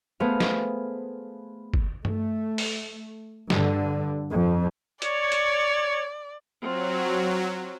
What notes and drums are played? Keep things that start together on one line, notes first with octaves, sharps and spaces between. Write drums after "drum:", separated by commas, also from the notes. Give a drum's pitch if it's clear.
A3 B3 G#4 C5 F5
drum: snare
drum: kick
A3, drum: tom G2
drum: open hi-hat
G2 D3, drum: snare
F2
C#5 D5, drum: hi-hat
drum: hi-hat
F#3 C4 F4